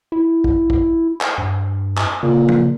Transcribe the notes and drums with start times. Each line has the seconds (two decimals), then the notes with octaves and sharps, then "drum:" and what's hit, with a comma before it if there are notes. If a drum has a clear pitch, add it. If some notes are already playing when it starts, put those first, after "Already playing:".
0.12 E4
0.44 drum: kick
0.70 drum: kick
1.21 drum: clap
1.38 G2
1.97 drum: clap
2.23 A#2 C#3
2.48 drum: tom